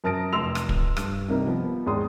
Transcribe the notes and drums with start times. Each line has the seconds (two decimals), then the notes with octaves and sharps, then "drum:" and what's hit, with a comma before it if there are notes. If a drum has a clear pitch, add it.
0.04 F#2 A#4 A5 D#6 A#6 D7
0.33 F1 C6 E6 F7
0.55 drum: rim click
0.69 drum: kick
0.97 G2, drum: rim click
1.28 C3 G3 A#3 D#4 A#4
1.47 F3 B3
1.86 D#2 G#2 G#4 D5 C6 D#6